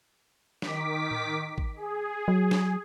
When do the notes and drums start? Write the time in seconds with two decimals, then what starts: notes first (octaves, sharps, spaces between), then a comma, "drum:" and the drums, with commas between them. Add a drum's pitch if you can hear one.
0.62 D#3 D6 B6, drum: snare
1.11 drum: tom A2
1.58 drum: kick
1.76 G#4
2.28 F#3
2.51 drum: snare